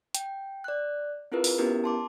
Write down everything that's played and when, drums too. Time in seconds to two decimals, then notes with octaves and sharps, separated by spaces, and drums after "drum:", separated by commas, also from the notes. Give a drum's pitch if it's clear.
0.15 G5, drum: hi-hat
0.64 D5 F#6
1.32 C4 E4 F4 G#4 A#4 B4
1.44 drum: open hi-hat
1.58 B3 C#4 E4 G4 A#4
1.84 A5 C6 D6